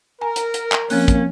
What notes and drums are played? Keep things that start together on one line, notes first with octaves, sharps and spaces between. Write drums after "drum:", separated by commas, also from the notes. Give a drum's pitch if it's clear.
A#4 G#5 A#5
drum: hi-hat
drum: hi-hat
drum: clap
F3 A#3 C4 C#4 F#6, drum: open hi-hat
drum: kick, hi-hat